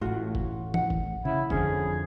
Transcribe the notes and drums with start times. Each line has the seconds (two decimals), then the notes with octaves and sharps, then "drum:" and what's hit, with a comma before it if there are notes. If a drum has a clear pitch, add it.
0.01 A1 A2 F4 F#4
0.35 drum: kick
0.74 F#5, drum: tom
0.90 drum: kick
1.25 C#3 E4
1.50 F2 D3 F3 C#4 G#4, drum: kick